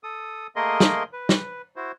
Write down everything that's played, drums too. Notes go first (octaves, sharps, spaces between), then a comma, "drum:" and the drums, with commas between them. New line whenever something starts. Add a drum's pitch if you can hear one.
A4 D#6
A3 A#3 G#4 A#4 D#5 C6
drum: snare
B4
drum: snare
E4 F#4 C5